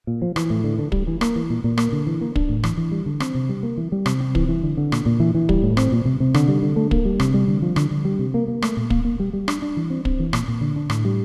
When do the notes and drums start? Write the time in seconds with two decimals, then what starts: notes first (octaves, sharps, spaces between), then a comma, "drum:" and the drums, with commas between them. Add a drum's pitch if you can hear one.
0.07 A#2
0.22 F3
0.36 E3, drum: rim click
0.50 A2
0.64 D3
0.79 D3
0.92 G3, drum: kick
1.07 E3
1.21 A#3, drum: rim click
1.36 E3
1.50 A#2
1.64 A#2
1.78 A#3, drum: rim click
1.92 D3
2.07 E3
2.21 A#3
2.36 D4, drum: kick
2.49 A2
2.64 E3, drum: rim click
2.77 E3
2.92 G3
3.06 D3
3.20 C4, drum: rim click
3.35 C3
3.49 G3
3.63 A#3
3.77 E3
3.92 G3
4.06 C3, drum: rim click
4.20 C4
4.35 E3, drum: kick
4.49 E3
4.63 D3
4.77 D3
4.92 A#2, drum: rim click
5.06 A#2
5.20 E3
5.35 E3
5.49 G3, drum: kick
5.63 A2
5.77 C4, drum: rim click
5.92 A#2
6.05 C3
6.20 C3
6.34 D3, drum: rim click
6.48 G3
6.62 D3
6.76 A3
6.91 A#3, drum: kick
7.05 G3
7.20 C3, drum: rim click
7.34 G3
7.48 D3
7.62 F3
7.76 D3, drum: rim click
7.91 D3
8.05 G3
8.19 C3
8.34 A#3
8.48 A#3
8.62 A3, drum: rim click
8.77 A#2
8.90 A#3, drum: kick
9.05 A#3
9.20 G3
9.33 G3
9.48 D4, drum: rim click
9.62 D4
9.77 E3
9.90 C4
10.05 C4, drum: kick
10.20 E3
10.33 A#2, drum: rim click
10.48 A#2
10.61 D3
10.76 D4
10.90 A2, drum: rim click
11.05 G3